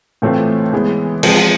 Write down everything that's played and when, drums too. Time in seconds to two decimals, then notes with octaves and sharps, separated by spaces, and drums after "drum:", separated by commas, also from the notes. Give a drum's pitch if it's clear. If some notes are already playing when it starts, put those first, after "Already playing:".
0.22 A2 E3 A3 C4 F4
0.73 E3 G#3 B3
1.23 F3 G#3 C4, drum: cymbal